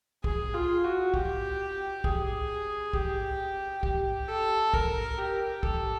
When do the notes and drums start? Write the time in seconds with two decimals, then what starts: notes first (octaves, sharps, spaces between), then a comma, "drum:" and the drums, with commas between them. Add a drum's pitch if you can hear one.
0.24 G#4, drum: kick
0.54 F4
0.84 F#4
1.14 G4, drum: kick
2.04 G#4, drum: kick
2.93 G4, drum: kick
3.83 G4, drum: kick
4.28 A4
4.74 A#4, drum: kick
5.18 G4
5.63 A4, drum: kick